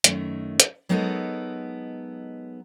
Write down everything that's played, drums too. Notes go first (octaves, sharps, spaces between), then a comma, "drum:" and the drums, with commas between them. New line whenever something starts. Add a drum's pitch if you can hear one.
F#2 D#3 A3, drum: hi-hat
drum: hi-hat
F#3 G#3 B3 D#4 A4 A#4